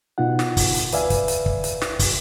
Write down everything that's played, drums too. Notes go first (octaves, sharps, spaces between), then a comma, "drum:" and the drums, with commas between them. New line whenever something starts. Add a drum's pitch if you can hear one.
B2 D#4 F4 F#5
drum: snare
drum: kick, open hi-hat
drum: hi-hat
D2 B4 D5 E5 F5 G#5, drum: hi-hat
drum: kick, hi-hat
drum: hi-hat
drum: kick
drum: hi-hat
drum: snare
drum: kick, open hi-hat